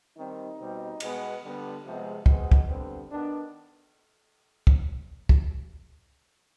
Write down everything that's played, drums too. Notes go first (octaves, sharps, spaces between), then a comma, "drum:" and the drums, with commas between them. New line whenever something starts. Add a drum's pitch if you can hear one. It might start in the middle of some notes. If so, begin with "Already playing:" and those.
D#3 G3 C4 D#4
B2 G3 C4
B2 G#3 B3, drum: cymbal
D3 G3 B3
C3 F3 G#3 B3
B2 G#3 B3 C4, drum: kick
drum: kick
D3 G3 B3 C4
D#3 B3 D4
drum: kick
drum: kick